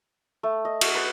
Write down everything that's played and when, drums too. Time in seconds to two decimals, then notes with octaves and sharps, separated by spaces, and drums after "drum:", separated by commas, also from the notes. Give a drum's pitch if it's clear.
0.43 A3
0.65 D#5
0.81 F#4, drum: cymbal
0.95 B4